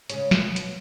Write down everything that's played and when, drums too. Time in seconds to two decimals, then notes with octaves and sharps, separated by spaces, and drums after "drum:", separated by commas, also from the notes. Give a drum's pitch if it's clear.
0.10 C#3 G#3 C#4, drum: hi-hat
0.31 B2 B3, drum: snare
0.56 drum: hi-hat